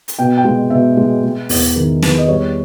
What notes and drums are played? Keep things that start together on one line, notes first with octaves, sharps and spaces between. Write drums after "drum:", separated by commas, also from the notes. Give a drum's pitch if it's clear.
drum: hi-hat
B2 G5
G5
G#3
B2 E5
G#3
G#3
E2, drum: open hi-hat
D#3 A#4
E2 B4, drum: snare
D#5
G3 C#5